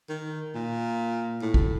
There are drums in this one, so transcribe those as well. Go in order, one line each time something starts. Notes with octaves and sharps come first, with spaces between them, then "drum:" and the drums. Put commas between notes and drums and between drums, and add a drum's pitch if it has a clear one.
D#3
A#2
A2
drum: kick A1